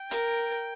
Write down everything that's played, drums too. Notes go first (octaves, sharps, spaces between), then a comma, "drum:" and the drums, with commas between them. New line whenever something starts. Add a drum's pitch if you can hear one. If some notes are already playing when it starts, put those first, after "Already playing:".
Already playing: G5
A#4, drum: hi-hat